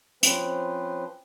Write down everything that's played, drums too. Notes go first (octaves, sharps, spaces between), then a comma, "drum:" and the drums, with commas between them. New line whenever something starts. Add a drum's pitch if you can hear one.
F3 C4 C#4 B4 C5, drum: hi-hat